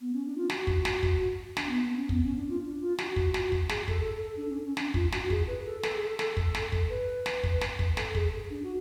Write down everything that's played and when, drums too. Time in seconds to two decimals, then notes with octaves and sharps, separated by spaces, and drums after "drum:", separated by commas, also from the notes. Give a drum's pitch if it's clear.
0.01 B3
0.13 C#4
0.26 D4
0.37 F4
0.50 F#4, drum: snare
0.67 drum: kick
0.85 drum: snare
1.03 drum: kick
1.57 D4, drum: snare
1.69 B3
1.83 B3
1.96 C#4
2.09 B3, drum: kick
2.23 C#4
2.36 D4
2.49 F4
2.63 D4
2.81 F4
2.98 F#4, drum: snare
3.16 drum: kick
3.34 drum: snare
3.52 drum: kick
3.69 G#4, drum: snare
3.88 A4, drum: kick
4.05 A4
4.23 A4
4.37 D4
4.50 C#4
4.63 C#4
4.77 D4, drum: snare
4.94 F4, drum: kick
5.12 F#4, drum: snare
5.30 G#4, drum: kick
5.47 B4
5.66 A4
5.83 A4, drum: snare
5.95 G#4
6.08 A4
6.19 drum: snare
6.37 drum: kick
6.55 drum: snare
6.72 drum: kick
6.90 B4
7.26 drum: snare
7.44 drum: kick
7.61 drum: snare
7.79 drum: kick
7.97 A4, drum: snare
8.15 G#4, drum: kick
8.50 D4
8.63 F#4